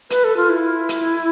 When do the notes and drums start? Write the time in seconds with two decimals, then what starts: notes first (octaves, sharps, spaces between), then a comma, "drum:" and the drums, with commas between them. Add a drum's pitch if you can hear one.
0.10 B4, drum: hi-hat
0.24 A4
0.37 F4
0.50 E4
0.89 drum: hi-hat